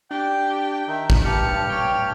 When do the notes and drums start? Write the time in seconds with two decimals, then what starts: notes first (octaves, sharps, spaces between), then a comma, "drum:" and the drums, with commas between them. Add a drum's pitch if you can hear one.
0.11 D4 G4 G5
0.88 D#3 D#4 E5
1.10 drum: kick
1.25 G2 G4 A5 F6 C#7
1.70 C#5 G5 A5